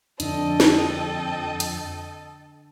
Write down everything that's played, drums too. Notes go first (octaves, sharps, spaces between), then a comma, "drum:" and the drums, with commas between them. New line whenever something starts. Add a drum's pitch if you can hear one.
F2 D3 D4 A4 D#5 G5, drum: hi-hat
drum: snare
drum: hi-hat